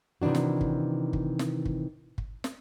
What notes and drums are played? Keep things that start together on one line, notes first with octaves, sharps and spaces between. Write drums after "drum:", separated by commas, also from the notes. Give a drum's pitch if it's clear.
C3 D#3 E3 D4 F#4
drum: snare
drum: kick
drum: kick
drum: snare
drum: kick
drum: kick
drum: snare